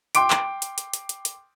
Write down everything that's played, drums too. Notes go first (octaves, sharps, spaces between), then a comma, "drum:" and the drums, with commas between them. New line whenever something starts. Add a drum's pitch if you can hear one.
G5 C6 D6 D7, drum: hi-hat
drum: clap
drum: hi-hat
drum: hi-hat
drum: hi-hat
drum: hi-hat
drum: hi-hat